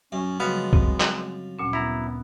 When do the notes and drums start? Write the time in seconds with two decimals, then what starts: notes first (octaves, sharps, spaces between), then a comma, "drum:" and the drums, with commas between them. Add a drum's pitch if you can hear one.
0.12 F#2 C#4
0.40 F#2 C#3 F3 G3 G#3 B3 F4
0.73 C4, drum: kick
1.00 drum: clap
1.59 D2 A#2 C#4
1.73 B3 E4 A#5